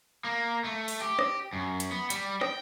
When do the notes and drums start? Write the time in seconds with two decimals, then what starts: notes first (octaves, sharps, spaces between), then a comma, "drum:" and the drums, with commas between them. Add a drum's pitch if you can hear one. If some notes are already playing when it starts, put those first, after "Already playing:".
0.24 A#3
0.64 A3
0.88 drum: open hi-hat
1.01 G4
1.19 drum: rim click
1.53 F#2
1.80 drum: hi-hat
1.91 B3
2.10 G3, drum: hi-hat
2.41 G5, drum: rim click